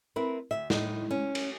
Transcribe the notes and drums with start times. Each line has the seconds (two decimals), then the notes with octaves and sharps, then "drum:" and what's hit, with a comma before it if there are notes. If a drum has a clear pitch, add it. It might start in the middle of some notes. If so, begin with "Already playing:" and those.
0.16 C4 E4 A#4 B4
0.51 D2 A#2 E5
0.70 A2 D#4, drum: snare
1.11 C#4
1.35 drum: cymbal